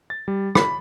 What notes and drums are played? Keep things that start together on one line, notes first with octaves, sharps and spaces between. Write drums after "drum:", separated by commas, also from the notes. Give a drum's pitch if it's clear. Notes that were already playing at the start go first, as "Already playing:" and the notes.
A6
G3
B5, drum: rim click